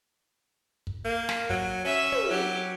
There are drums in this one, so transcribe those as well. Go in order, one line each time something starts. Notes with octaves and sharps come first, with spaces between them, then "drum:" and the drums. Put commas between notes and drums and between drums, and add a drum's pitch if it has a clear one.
drum: kick
A#3
drum: snare
F#3, drum: kick
C#4 E5
drum: tom
F#3 G4